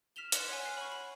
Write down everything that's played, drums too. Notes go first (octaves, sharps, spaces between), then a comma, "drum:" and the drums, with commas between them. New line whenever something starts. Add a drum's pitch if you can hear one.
F6 B6 E7 F7 G7
C6 F#6 C#7 E7 F#7, drum: hi-hat
C#5 F#5 G#5
F6 F#6 C7
B5 C#6
B5